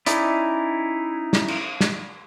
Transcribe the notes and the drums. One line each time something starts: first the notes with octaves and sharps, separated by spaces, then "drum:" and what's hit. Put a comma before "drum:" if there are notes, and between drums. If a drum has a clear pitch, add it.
C#4 D#4 E4 D5, drum: hi-hat
drum: snare
drum: cymbal
drum: snare